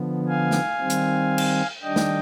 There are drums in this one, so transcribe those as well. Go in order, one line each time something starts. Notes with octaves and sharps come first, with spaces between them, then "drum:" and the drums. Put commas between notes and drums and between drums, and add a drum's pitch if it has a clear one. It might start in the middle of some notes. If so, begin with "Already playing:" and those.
Already playing: D3 F3 B3
F5 G#5
drum: snare
D#3 G3 C4
drum: hi-hat
drum: cymbal
D#3 G3 D4 D#5 G5
drum: snare